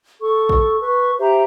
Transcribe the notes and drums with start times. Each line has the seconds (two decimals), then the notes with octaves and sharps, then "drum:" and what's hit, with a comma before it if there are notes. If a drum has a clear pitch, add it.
0.21 A4 C#6
0.49 drum: kick A1
0.81 B4 C#6
1.19 G4 C5 E5 A#5